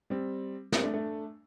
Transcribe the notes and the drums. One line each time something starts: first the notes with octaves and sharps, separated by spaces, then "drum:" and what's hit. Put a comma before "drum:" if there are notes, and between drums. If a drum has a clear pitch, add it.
G3 C4
G3 C4, drum: snare
A3 D4
A3 D4